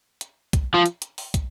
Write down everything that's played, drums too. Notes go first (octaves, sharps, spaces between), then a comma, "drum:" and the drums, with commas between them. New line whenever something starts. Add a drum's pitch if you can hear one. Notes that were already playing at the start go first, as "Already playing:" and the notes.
drum: hi-hat
drum: kick, hi-hat
F3
drum: hi-hat
drum: hi-hat
drum: open hi-hat
drum: kick, hi-hat